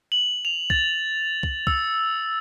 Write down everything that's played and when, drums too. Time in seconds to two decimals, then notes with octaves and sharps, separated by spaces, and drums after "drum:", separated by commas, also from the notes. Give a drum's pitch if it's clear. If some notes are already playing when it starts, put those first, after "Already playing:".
0.12 F#7
0.45 F7
0.70 A6, drum: kick
1.43 drum: kick
1.67 E6, drum: kick